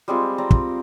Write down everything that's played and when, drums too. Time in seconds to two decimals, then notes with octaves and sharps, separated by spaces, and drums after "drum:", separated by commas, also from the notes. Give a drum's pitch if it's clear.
0.08 G3 G#3 C4 F4
0.38 C4 D5 A#5
0.51 drum: kick